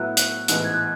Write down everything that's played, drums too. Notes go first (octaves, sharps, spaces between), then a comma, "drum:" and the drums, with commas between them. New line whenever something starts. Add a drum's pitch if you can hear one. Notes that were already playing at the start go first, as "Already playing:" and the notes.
Already playing: A2 F#3 B3 E4 F#6
F#6, drum: hi-hat
A1 G#2 E3 B3 F#6, drum: hi-hat
G#6
F#6